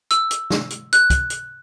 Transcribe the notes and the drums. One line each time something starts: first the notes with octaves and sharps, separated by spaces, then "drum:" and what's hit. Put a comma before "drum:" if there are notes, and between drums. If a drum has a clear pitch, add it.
E6, drum: hi-hat
drum: hi-hat
drum: snare
drum: hi-hat
F#6, drum: hi-hat
drum: kick, hi-hat
drum: hi-hat